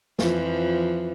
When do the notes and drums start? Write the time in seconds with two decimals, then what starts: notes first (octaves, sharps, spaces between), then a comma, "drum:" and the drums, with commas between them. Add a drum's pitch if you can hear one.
0.19 F2 E3 F3, drum: snare